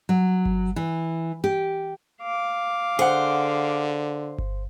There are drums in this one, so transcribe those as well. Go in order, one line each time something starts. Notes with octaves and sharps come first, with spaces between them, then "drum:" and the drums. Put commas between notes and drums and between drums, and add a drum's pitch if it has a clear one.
F#3
drum: kick G1
E3
G4
F5 D6
D3 G#4 C5 F#5
drum: kick G1